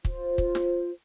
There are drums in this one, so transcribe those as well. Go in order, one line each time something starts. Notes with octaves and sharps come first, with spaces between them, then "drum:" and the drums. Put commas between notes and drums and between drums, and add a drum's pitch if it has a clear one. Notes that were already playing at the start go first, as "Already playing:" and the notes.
F4 C5, drum: kick
drum: kick
drum: snare